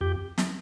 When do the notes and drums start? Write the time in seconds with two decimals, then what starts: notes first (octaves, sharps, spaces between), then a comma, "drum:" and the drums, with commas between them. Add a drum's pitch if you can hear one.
0.01 F2 G4
0.38 drum: snare